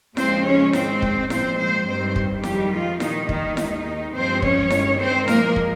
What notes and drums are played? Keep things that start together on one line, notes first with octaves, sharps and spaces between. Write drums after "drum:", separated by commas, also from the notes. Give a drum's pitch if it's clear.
D#2 C#3 F3 G#3 C4 C5, drum: snare E4
C#4 C#5
G#2 D#3 G#3 C4 C5, drum: snare E4
drum: kick
A#2 F3 G#3 C4 C5, drum: snare E4
C4 C5
G2 D#3 G3 C4 C5
drum: kick
F2 D#3 G3 G#3 G4, drum: snare E4
F3 F4
A#2 D#3 G3 D#4, drum: snare E4
D#3 D#4, drum: kick
D#2 D#3 G#3, drum: snare E4
G2 F3 G#3 C4 C5
C#4 C#5, drum: kick
G2 D#3 G#3, drum: snare E4
C4 C5
A#2 F3 G#3 A#3 A#4, drum: snare E4
drum: kick